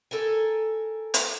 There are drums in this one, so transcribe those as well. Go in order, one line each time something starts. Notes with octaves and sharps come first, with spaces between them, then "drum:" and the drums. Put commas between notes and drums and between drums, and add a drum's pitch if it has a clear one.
A4 A#4 G#5
drum: hi-hat